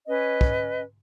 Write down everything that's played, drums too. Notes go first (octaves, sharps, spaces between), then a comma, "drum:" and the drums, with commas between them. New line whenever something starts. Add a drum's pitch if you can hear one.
C#4 B4 D#5
drum: kick